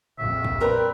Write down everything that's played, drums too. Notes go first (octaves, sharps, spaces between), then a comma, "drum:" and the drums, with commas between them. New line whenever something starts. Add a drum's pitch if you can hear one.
A#1 F2 E5
drum: kick
G3 C4 A#4 B4 B5